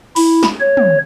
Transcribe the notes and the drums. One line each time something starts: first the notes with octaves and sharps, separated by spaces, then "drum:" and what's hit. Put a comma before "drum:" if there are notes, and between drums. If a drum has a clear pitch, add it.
E4, drum: open hi-hat
drum: snare
C#5
drum: tom